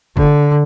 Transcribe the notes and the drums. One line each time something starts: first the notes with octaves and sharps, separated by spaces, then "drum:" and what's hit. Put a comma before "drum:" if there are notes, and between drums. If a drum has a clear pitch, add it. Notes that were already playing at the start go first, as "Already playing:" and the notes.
D3, drum: kick